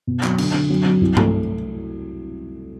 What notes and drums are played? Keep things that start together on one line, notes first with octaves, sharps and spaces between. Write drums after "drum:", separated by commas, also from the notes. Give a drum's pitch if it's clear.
B2
F#3, drum: clap
D3, drum: cymbal
D3
F#3
F#3
C2
A3, drum: tom